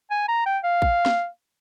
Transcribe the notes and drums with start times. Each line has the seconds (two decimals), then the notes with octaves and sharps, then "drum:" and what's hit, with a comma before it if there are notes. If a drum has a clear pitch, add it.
0.10 G#5
0.28 A#5
0.46 G5
0.63 F5
0.82 drum: kick A1
1.06 drum: snare